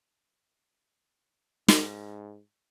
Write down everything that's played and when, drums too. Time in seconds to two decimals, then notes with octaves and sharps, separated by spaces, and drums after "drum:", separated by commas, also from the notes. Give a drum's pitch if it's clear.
1.68 G#2, drum: snare